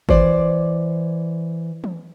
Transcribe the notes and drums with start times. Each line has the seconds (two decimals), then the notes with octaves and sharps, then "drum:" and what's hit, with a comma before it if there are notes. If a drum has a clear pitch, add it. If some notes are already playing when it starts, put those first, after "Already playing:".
0.09 E3 C5 D5, drum: kick G#1
1.84 drum: tom E3